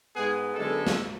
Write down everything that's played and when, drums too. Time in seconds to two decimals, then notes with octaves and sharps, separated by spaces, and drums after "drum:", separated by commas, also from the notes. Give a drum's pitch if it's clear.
0.15 G#2 G#3 B3 G#4
0.55 F#2 D3 G#3 B3 A4
0.87 drum: snare